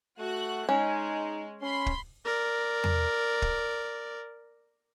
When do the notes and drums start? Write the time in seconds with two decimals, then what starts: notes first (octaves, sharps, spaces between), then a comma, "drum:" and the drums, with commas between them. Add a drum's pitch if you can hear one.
0.19 A3 F#4 F#6
0.69 G#3 C#4 D#4
1.62 C#4 B5 C6
1.86 drum: kick
2.25 A#4 D5
2.84 drum: tom E2
3.42 drum: kick